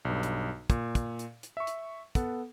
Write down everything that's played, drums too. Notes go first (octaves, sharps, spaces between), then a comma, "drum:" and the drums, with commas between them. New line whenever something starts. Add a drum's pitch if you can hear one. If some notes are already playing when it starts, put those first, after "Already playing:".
B1 G2
drum: hi-hat
A#2, drum: kick, hi-hat
drum: kick, hi-hat
drum: hi-hat
drum: hi-hat
E5 C#6
drum: hi-hat
B3 A4 F#5, drum: kick, hi-hat